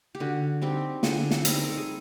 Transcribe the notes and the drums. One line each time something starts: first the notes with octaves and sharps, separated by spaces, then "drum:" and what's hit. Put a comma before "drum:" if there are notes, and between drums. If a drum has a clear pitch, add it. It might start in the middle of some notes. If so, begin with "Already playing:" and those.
G4
D3 F#4
G3 C4 D#4 G4
D3 G#4, drum: snare
A4, drum: snare
G3 C4 D#4, drum: hi-hat
A#4
A4
G#4